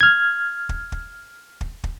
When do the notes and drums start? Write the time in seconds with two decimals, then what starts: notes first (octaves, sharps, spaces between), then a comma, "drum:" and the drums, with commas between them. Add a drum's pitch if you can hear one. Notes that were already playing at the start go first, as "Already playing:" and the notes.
0.01 F6 G#6
0.69 drum: kick
0.92 drum: kick
1.61 drum: kick
1.84 drum: kick